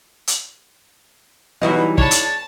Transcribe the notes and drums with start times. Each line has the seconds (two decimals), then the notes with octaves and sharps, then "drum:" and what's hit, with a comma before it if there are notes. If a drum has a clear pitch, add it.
0.27 drum: hi-hat
1.62 B2 E3 F#3 G3 D#4 E4 F#4
1.98 G#3 D4 C#5 A5 B5 C#6, drum: kick
2.11 drum: hi-hat